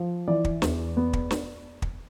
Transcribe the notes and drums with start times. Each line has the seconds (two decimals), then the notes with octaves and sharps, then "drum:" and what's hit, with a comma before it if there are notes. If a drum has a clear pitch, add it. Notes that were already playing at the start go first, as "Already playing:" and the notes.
Already playing: F3
0.28 E3 D5
0.45 drum: kick
0.62 E2, drum: snare
0.97 B3
1.13 drum: kick
1.31 drum: snare
1.82 drum: kick